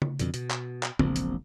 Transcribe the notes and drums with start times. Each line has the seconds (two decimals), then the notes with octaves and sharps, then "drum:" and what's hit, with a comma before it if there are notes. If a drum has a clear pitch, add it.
0.02 drum: tom C#3
0.19 F2 B2 D3, drum: hi-hat
0.34 B2, drum: hi-hat
0.51 drum: clap
0.83 drum: clap
0.99 E1 A#1 C4, drum: tom C#3
1.16 drum: hi-hat